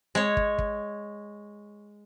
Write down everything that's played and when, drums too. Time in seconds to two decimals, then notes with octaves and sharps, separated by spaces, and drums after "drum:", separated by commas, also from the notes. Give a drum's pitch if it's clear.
0.15 G#3 C#5
0.37 drum: kick
0.58 drum: kick